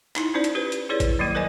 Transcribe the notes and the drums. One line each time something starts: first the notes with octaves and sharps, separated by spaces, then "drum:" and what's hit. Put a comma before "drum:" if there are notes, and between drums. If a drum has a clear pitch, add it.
D#4 E4, drum: clap
C#4 D#4 F4 C5 D5
drum: hi-hat
G4 B4 C5
drum: hi-hat
E4 G#4 B4 C#5 D5
drum: kick G#1, hi-hat
D#3 F#3 G3 A#3
A#4 C5 D5 D#5 G#5